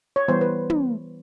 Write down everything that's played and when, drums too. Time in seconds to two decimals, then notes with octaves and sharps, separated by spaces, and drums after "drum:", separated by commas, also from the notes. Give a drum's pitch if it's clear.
0.16 C#5
0.28 E3 G3 B3 C5
0.41 B4
0.70 drum: tom